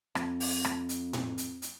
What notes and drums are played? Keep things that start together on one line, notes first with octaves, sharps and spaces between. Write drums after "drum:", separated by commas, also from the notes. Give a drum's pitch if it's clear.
F2, drum: rim click
drum: open hi-hat
drum: rim click
drum: hi-hat
drum: tom A2
drum: hi-hat
drum: hi-hat